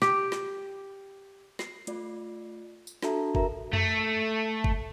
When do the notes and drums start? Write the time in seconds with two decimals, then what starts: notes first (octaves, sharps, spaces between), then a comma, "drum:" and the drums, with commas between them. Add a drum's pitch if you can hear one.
0.02 G4, drum: snare
0.32 drum: snare
1.59 C7, drum: snare
1.87 A3 F4 D5, drum: hi-hat
2.87 drum: tambourine
3.02 D4 F#4 A4 E5 A5 A#5, drum: snare
3.35 F#4 A#4 E5 A#5, drum: kick F#1
3.73 A3, drum: tom F2
4.64 drum: kick F#1